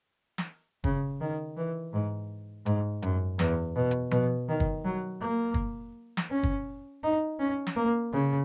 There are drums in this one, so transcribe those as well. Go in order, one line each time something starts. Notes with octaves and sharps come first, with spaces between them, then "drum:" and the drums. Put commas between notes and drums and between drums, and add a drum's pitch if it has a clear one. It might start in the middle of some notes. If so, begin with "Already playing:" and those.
drum: snare
C#3, drum: kick
D#3
E3
G#2
G#2, drum: hi-hat
F#2, drum: hi-hat
E2, drum: snare
B2
drum: hi-hat
B2, drum: tom F3
D#3
drum: kick
F#3
A#3
drum: kick
drum: snare
C#4
drum: kick
D#4
C#4
drum: snare
A#3
C#3